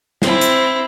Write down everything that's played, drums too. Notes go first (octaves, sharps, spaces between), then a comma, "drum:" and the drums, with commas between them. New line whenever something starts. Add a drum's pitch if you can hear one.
C4 E4, drum: snare
drum: hi-hat